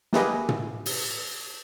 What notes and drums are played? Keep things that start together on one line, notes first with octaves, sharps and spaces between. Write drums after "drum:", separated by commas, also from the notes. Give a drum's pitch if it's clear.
A#3 E4 G4 G#4 B4 D#5, drum: snare
drum: tom
drum: open hi-hat